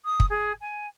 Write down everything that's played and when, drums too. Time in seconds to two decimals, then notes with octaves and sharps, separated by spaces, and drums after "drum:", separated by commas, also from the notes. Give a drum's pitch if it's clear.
0.05 D#6
0.20 drum: kick
0.29 G#4
0.61 G#5